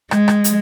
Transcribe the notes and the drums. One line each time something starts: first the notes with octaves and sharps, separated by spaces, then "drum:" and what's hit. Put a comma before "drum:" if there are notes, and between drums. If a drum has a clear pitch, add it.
G#3, drum: rim click
drum: rim click
drum: hi-hat